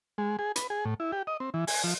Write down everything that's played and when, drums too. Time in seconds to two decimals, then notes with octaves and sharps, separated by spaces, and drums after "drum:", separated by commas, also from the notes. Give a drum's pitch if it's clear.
0.18 G#3
0.39 G#4
0.56 B4, drum: hi-hat
0.70 G#4
0.85 A2
1.00 E4
1.12 G4
1.27 D#5
1.40 C4
1.54 E3
1.67 G#5, drum: open hi-hat
1.84 F3